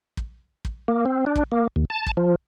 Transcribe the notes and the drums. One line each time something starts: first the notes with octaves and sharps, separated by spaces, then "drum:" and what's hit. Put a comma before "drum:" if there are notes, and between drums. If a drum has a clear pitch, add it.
drum: kick
drum: kick
A#3
C4
D4
drum: kick
A#3
D#2
A5
drum: kick
F3